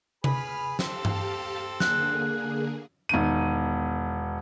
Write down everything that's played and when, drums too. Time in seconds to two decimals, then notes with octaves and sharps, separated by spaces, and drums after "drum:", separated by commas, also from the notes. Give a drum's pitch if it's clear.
0.24 G#4 B4 B5 F6, drum: tom C3
0.79 C4 G4 A4 F5 A5, drum: snare
1.05 drum: tom G2
1.80 D3 A#3 G#4 F#6, drum: snare
3.09 E1 D#3 D#7